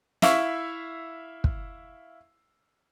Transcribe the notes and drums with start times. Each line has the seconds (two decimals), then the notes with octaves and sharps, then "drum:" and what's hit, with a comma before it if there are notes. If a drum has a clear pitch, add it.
0.22 E4 E5 F5 C#6, drum: snare
1.44 drum: kick